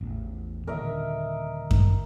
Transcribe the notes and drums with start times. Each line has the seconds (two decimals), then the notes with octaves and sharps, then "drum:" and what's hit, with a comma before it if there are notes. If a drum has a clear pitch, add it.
0.01 A1 E2
0.67 D#1 D3 A#4 D#5 E5
1.71 drum: kick F#2